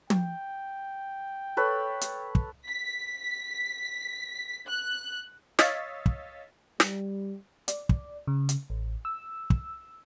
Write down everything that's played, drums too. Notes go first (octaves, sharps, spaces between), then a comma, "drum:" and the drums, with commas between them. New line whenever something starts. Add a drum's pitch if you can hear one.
G5, drum: tom
A4 B4 C#5
drum: hi-hat
drum: kick
B6
F#6
C#5 D#5 F5 E6 A6 B6, drum: snare
drum: kick
G3, drum: snare
D5, drum: hi-hat
drum: kick
C#3
drum: hi-hat
A1
E6
drum: kick